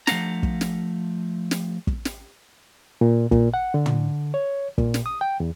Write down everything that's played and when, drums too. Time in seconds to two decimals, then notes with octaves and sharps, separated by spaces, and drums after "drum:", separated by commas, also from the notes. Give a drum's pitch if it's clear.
0.07 F3 A3 D4 F5 F#5 A#5, drum: snare
0.43 drum: kick
0.61 drum: snare
1.51 drum: snare
1.87 drum: kick
2.05 drum: snare
3.01 A#2
3.32 A#2, drum: kick
3.54 F#5
3.74 D3
3.86 drum: tom
4.34 C#5
4.78 A#2, drum: kick
4.94 drum: snare
5.06 D#6
5.21 G5
5.40 E2